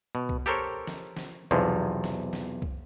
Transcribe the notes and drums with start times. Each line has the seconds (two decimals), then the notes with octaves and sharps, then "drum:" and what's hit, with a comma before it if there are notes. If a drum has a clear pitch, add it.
0.15 B2
0.29 drum: kick C2
0.46 G4 A4 A#4 C5 C#5
0.87 drum: snare
1.17 drum: snare
1.51 B1 E2 C3 F3
2.04 drum: snare
2.33 drum: snare
2.62 drum: kick C2